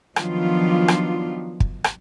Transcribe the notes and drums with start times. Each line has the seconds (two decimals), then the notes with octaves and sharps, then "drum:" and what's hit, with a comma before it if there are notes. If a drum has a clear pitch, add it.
0.16 D#3 F3 F#3 B3 D4 F4, drum: rim click
0.88 drum: rim click
1.60 drum: kick
1.84 drum: rim click